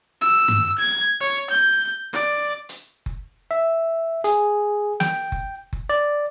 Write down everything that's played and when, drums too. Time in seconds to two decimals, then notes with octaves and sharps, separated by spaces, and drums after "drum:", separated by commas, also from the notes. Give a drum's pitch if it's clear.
0.21 E6
0.48 drum: tom G2
0.79 G#6
1.20 C#5
1.51 G6
2.13 D5
2.69 drum: hi-hat
3.06 drum: kick F#1
3.51 E5
4.24 G#4, drum: hi-hat
5.00 G5, drum: snare
5.32 drum: kick F#1
5.73 drum: kick F#1
5.89 D5